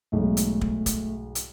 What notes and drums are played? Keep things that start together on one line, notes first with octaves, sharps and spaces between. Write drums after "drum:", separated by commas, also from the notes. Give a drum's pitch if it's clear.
B1 G#2 A3
drum: hi-hat
drum: kick
drum: kick, hi-hat
drum: hi-hat